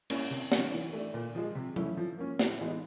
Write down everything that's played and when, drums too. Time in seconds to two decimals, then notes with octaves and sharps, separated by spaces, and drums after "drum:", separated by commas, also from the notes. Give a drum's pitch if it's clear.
0.10 G3 A#3 C#4 E4, drum: cymbal
0.30 C3
0.52 D#3 F#3 A#3 C#4, drum: snare
0.72 E3, drum: open hi-hat
0.93 A3 D4
1.14 A#2
1.35 F3 G#3
1.55 C3
1.76 E3 A3 C#4 E4, drum: tom F#3
1.97 F3
2.18 A#3 C#4
2.39 A2, drum: snare
2.60 E3 G#3 B3 D#4